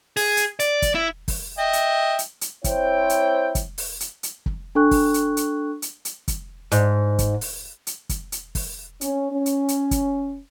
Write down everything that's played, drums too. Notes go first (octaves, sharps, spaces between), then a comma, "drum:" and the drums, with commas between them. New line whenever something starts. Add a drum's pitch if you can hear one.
G#4, drum: open hi-hat
drum: hi-hat
D5, drum: hi-hat
drum: kick, hi-hat
E4
drum: kick, open hi-hat
D#5 E5 G5
drum: hi-hat
drum: hi-hat
drum: hi-hat
C4 E4 C5 C#5 G5, drum: kick, hi-hat
drum: hi-hat
drum: kick, hi-hat
drum: open hi-hat
drum: hi-hat
drum: hi-hat
drum: kick
D4 A4 G5 C#6 F#6
drum: kick, open hi-hat
drum: hi-hat
drum: hi-hat
drum: hi-hat
drum: hi-hat
drum: kick, hi-hat
G#2, drum: hi-hat
drum: kick, hi-hat
drum: open hi-hat
drum: hi-hat
drum: kick, hi-hat
drum: hi-hat
drum: kick, open hi-hat
C#4, drum: hi-hat
C#4
drum: hi-hat
drum: hi-hat
drum: kick, hi-hat